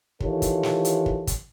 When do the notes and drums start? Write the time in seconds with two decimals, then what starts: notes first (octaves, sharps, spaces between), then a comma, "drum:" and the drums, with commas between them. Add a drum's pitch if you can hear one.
0.20 D#3 E3 F4 G4 A4 C#5, drum: kick
0.42 drum: kick, hi-hat
0.63 drum: snare
0.85 drum: hi-hat
1.06 drum: kick
1.27 drum: kick, hi-hat